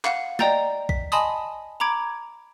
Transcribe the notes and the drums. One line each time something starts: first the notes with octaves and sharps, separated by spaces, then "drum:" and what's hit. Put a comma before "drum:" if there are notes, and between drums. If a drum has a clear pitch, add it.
F5 F#5, drum: clap
D5 D#5 G5 A#5 G6 A6, drum: snare
B6, drum: kick A#1
D#5 G#5 A5 B5 C6 D#6, drum: tambourine
A#5 B5 D6 G#6 D7